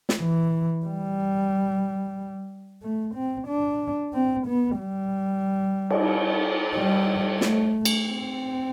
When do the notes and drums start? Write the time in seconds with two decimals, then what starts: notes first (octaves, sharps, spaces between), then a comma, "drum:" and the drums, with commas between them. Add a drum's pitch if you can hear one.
0.09 drum: snare
0.20 E3
0.86 G3
2.83 A3
3.14 C4
3.47 D4
4.13 C4
4.47 B3
4.79 G3
5.90 drum: cymbal
6.75 G3
7.41 A3, drum: snare
7.85 drum: cymbal
8.07 C4